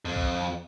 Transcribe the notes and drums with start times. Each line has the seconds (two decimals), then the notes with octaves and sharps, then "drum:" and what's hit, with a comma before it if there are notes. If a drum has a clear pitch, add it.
0.05 F2
0.16 drum: kick